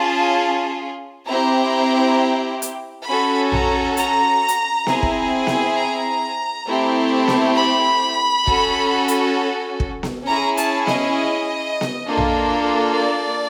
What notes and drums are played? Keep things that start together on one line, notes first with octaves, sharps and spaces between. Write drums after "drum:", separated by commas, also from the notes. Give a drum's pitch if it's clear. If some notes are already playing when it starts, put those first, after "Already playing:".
Already playing: C#4 F4 G#4 A5
C4 E4 G4 A#5
drum: hi-hat
C#4 F#4 A4 B5
A#5, drum: tom A#1
A#5, drum: hi-hat
drum: hi-hat
C4 E4 G#4, drum: snare B3
drum: kick
drum: snare B3
A#5
A3 C4 E4 G4
drum: snare B3
B5
C#4 F#4 A4, drum: kick
drum: hi-hat
drum: kick
drum: snare B3
C#4 E4 G#4 A#5
A5, drum: hi-hat
D#5, drum: snare B3
drum: snare B3
A#3 D4 F4 A4
drum: tom A#1
D5